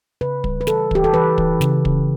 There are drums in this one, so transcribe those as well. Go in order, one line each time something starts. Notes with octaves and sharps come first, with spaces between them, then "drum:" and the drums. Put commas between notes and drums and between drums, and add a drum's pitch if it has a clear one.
C#3 B4
G3, drum: kick
B4
E3 A4, drum: snare
E3 G4, drum: kick
A4
E3 B4
E3, drum: kick
C#3, drum: snare
C#3, drum: kick